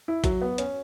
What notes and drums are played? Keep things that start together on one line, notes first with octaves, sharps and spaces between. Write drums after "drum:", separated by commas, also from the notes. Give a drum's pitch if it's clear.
E4
F#3, drum: kick A1, hi-hat
B3
C#4, drum: hi-hat